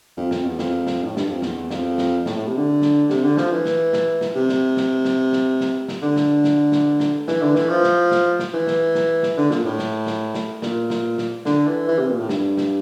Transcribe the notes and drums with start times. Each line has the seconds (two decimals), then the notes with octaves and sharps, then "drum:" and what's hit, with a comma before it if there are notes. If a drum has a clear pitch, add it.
0.17 F2
0.31 F2, drum: snare
0.45 E2
0.59 F2, drum: snare
0.87 drum: snare
1.04 A2
1.17 G2, drum: snare
1.29 F2
1.42 E2, drum: snare
1.57 E2
1.71 F2, drum: snare
1.98 drum: snare
2.26 A2, drum: snare
2.37 A2
2.47 C3
2.57 D3
2.82 drum: snare
3.10 C3, drum: snare
3.24 D3
3.37 F3, drum: snare
3.52 E3
3.65 drum: snare
3.93 drum: snare
4.21 drum: snare
4.35 C3
4.49 drum: snare
4.77 drum: snare
5.05 drum: snare
5.33 drum: snare
5.60 drum: snare
5.88 drum: snare
6.02 D3
6.16 drum: snare
6.44 drum: snare
6.72 drum: snare
7.00 drum: snare
7.28 E3, drum: snare
7.42 D3
7.56 E3, drum: snare
7.69 F3
7.83 drum: snare
8.11 drum: snare
8.39 drum: snare
8.54 E3
8.67 drum: snare
8.95 drum: snare
9.23 drum: snare
9.37 D3
9.51 A#2, drum: snare
9.65 A2
9.79 drum: snare
10.07 drum: snare
10.34 drum: snare
10.62 A#2, drum: snare
10.90 drum: snare
11.18 drum: snare
11.45 D3, drum: snare
11.67 E3
11.88 E3
11.98 C3
12.09 A#2
12.19 A2
12.29 G2, drum: snare
12.57 drum: snare